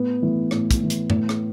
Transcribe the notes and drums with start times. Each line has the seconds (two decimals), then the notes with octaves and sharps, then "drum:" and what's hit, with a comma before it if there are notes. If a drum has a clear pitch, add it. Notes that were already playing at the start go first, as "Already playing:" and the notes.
Already playing: A2 B3
0.22 E3 A3
0.51 A2, drum: rim click
0.71 drum: kick, hi-hat
0.80 E3 A3
0.90 drum: hi-hat
1.10 A2, drum: tom F#2
1.29 drum: rim click